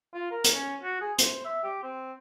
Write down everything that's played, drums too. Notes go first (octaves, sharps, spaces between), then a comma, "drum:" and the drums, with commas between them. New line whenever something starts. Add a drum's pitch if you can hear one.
F4
A#4
drum: hi-hat
C#4
F#4
G#4
C5, drum: hi-hat
E5
G4
C4